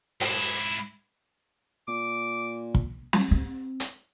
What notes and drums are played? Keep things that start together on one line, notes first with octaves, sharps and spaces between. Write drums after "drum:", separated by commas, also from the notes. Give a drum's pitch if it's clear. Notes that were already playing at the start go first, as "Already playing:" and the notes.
G#2 E4, drum: open hi-hat
A#2 D6
drum: kick
drum: snare
C4
drum: hi-hat